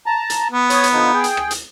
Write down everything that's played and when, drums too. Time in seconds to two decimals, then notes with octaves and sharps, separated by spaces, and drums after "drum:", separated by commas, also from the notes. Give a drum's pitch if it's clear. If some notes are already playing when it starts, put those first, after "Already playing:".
0.06 A5 A#5
0.30 drum: hi-hat
0.52 B3
0.70 C#5 D#6, drum: hi-hat
0.83 drum: hi-hat
0.93 D3 F3 D#4
1.14 G#4 G5
1.24 drum: hi-hat
1.37 drum: rim click
1.51 drum: hi-hat